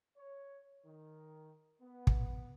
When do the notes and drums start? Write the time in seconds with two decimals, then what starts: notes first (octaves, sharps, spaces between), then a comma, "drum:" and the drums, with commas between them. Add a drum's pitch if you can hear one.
0.17 C#5
0.85 D#3
1.81 B3
2.07 drum: kick